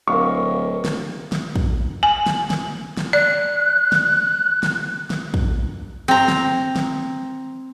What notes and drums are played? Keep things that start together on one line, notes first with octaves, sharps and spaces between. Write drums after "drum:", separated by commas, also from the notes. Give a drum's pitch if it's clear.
D1 A#4 F5 C#6
drum: snare
drum: snare
drum: kick
G#5
drum: snare
drum: snare
drum: snare
D5 F#6
drum: snare
drum: snare
drum: snare
drum: kick
C4 A#5
drum: snare
drum: snare